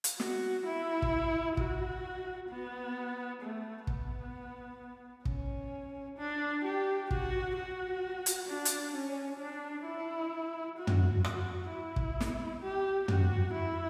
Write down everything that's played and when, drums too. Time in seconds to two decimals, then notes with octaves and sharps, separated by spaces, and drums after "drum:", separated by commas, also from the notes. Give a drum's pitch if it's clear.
0.04 drum: hi-hat
0.20 F#4, drum: snare
0.66 E4
1.02 drum: kick
1.57 F#4, drum: kick
2.50 B3
3.42 A3
3.87 B3, drum: kick
5.25 C#4, drum: kick
6.18 D4
6.65 G4
7.11 F#4, drum: kick
7.57 F#4
8.26 drum: hi-hat
8.48 D4
8.65 drum: hi-hat
8.94 C#4
9.40 D4
9.86 E4
10.78 F#4
10.87 drum: tom
11.24 F#4, drum: rim click
11.70 E4
11.96 drum: kick
12.20 drum: snare
12.62 G4
13.08 F#4, drum: tom
13.54 E4